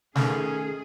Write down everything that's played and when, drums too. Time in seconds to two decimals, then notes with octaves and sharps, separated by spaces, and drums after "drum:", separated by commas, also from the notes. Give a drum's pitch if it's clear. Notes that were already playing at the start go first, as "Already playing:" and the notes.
0.15 D#3 A3 C#4 G#4, drum: snare